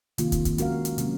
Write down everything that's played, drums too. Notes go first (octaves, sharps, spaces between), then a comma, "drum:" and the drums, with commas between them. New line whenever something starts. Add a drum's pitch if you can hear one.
C3 D#3 A#3 F4, drum: hi-hat
drum: kick, hi-hat
drum: kick, hi-hat
G#3 C#4 F#4 A#4 F5, drum: hi-hat
drum: hi-hat
C3 F#3 A#3 C#4, drum: hi-hat